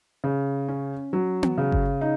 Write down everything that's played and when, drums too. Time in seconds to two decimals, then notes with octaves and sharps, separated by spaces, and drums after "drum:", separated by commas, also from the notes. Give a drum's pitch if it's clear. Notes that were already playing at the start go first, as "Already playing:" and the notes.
0.24 C#3
0.68 C#4
1.13 F#3
1.43 drum: tom B3
1.58 C#3
1.72 drum: kick G1
2.01 D#4